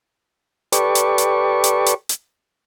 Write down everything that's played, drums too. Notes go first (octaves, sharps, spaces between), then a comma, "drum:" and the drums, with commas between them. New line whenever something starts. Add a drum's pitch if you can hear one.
G4 A4 B4 D5 C#6, drum: hi-hat
drum: hi-hat
drum: hi-hat
drum: hi-hat
drum: hi-hat
drum: hi-hat